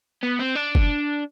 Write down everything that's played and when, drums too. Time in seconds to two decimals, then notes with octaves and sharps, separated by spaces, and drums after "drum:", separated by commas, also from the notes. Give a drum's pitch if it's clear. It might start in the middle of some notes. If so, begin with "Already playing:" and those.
0.23 B3
0.39 C4
0.55 D4
0.75 drum: kick